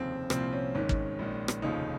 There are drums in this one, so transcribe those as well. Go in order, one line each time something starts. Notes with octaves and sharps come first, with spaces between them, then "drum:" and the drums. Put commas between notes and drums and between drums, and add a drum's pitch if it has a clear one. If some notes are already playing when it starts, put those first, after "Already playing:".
Already playing: F1 D#2 C#3 F3 C4
C2 A#2 F3 C4, drum: rim click
C#4
G#1 G#2 D#3 C#4
drum: kick
A#1 G#2 D#3
drum: rim click
F1 D#2 C#3 F3 D#4